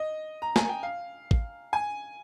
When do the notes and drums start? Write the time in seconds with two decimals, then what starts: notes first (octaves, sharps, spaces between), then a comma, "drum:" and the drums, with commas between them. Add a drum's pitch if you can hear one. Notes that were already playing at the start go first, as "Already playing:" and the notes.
Already playing: D#5
0.42 A#5
0.56 G#5, drum: snare
0.69 G5
0.83 F5
1.31 drum: kick
1.73 G#5